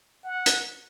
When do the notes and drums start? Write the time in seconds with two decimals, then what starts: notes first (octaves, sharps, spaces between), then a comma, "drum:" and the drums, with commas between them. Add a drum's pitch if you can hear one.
0.24 F#5
0.46 drum: hi-hat